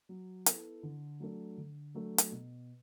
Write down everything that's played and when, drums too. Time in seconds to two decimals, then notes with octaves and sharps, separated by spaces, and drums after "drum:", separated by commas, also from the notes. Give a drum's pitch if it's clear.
0.09 F#3
0.46 B3 E4 A4, drum: hi-hat
0.83 D3
1.20 F#3 A3 D4 A4
1.57 D3
1.95 F#3 A3 D4 A4
2.18 drum: hi-hat
2.32 B2